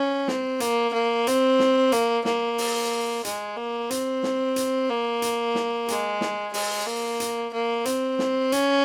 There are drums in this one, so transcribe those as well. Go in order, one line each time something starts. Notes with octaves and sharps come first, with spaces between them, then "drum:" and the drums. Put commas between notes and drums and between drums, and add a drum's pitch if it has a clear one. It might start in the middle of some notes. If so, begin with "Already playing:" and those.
Already playing: C#4
C4, drum: snare
A#3, drum: hi-hat
A#3
C4, drum: hi-hat
drum: snare
A#3, drum: hi-hat
A#3, drum: snare
drum: open hi-hat
G#3, drum: hi-hat
A#3
C4, drum: hi-hat
drum: snare
drum: hi-hat
A#3
drum: hi-hat
drum: snare
G#3, drum: hi-hat
drum: snare
G#3, drum: open hi-hat
A#3
drum: hi-hat
A#3
C4, drum: hi-hat
drum: snare
C#4, drum: hi-hat